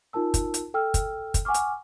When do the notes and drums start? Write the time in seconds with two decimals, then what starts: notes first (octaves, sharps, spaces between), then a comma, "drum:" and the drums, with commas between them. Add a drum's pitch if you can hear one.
0.13 D#4 F4 A#4 A5 E6
0.34 drum: kick, hi-hat
0.54 drum: hi-hat
0.74 A4 G5 E6 F6
0.94 drum: kick, hi-hat
1.34 drum: kick, hi-hat
1.45 F#5 G#5 C#6 D6 F6
1.54 drum: hi-hat